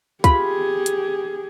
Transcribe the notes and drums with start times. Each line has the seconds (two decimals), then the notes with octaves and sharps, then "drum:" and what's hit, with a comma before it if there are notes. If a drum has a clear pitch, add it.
0.24 F4 G4 G#4 B5, drum: kick, hi-hat
0.86 drum: hi-hat